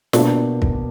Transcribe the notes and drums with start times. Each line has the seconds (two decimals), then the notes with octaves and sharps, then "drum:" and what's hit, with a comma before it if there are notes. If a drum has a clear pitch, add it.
0.13 B2 A#3 D4, drum: snare
0.62 drum: kick